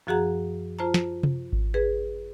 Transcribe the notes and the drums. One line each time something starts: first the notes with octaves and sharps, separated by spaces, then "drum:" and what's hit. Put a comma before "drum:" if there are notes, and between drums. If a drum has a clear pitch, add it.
F#2 F3 F#4 G#4 F#5 A#5
F4 C5 A5 A#5
drum: snare
drum: tom C3
drum: kick G#1
G#4 B4